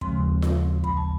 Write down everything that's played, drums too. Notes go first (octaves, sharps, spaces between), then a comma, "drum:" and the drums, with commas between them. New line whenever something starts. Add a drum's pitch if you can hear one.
D#2 C#3 F3 G#3 C4 C6, drum: kick
drum: snare F4
B5, drum: kick
A5